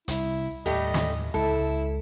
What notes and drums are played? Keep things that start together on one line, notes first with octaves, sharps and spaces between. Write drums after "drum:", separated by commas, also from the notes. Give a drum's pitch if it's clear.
C2 E4, drum: hi-hat
D#2 A2 G3 A3 G4 D#5
drum: snare
C#2 G#3 E4 A4